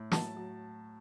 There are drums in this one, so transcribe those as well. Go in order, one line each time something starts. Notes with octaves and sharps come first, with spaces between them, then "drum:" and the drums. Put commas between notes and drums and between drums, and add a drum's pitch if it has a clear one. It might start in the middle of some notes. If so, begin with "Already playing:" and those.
Already playing: A2
F#3 A5, drum: snare
F#3